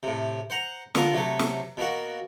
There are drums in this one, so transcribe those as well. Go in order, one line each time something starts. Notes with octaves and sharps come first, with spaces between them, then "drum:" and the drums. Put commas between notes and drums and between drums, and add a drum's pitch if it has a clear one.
A2 C3
C5 F#5 A#5
D3 B3 F4 A#4, drum: snare
C3 F#3 A3
drum: snare
B2 A#3 F#4